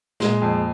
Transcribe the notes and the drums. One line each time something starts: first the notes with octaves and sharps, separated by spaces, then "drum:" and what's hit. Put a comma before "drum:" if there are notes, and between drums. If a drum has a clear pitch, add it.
A#2 G#3, drum: snare
F2